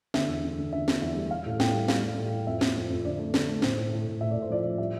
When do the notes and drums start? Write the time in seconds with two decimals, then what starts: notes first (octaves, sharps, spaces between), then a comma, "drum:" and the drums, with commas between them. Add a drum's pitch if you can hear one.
0.14 D3 E5, drum: snare
0.29 E2
0.43 D3
0.58 D3
0.73 D3 E5
0.88 D3, drum: snare
1.02 E2 E5
1.16 G3
1.31 G3 F5
1.46 A2
1.60 A2 G5, drum: snare
1.74 G3
1.88 G3 F5, drum: snare
2.03 G3
2.18 A2
2.32 A2
2.47 F2 E5
2.61 F2, drum: snare
2.75 F2
2.90 F2
3.05 D3 D5
3.19 A3
3.34 D3, drum: snare
3.48 A3
3.62 A2 C5, drum: snare
3.78 A2
3.92 A2
4.06 A2
4.21 A2 E5
4.31 A2 D5
4.42 C5
4.50 F3 D5
4.64 A2
4.78 G3 E5